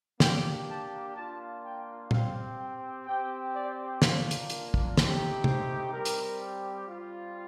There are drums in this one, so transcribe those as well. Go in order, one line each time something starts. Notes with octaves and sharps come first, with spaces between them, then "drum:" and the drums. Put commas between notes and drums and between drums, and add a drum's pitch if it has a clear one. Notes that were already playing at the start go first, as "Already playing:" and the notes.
A#3 D4 G4 G5, drum: snare
A5
A#3 D4 F4 A5
G5
C4 G4 F5, drum: tom A#2
G5
C4 G4 G5
D5
A#3 D4 F4 C5, drum: snare
drum: hi-hat
A#4, drum: hi-hat
drum: kick
A3 C4 D#4 G4, drum: snare
C5, drum: tom
G3 C4 G4 A#4
drum: hi-hat
G3 C4 F4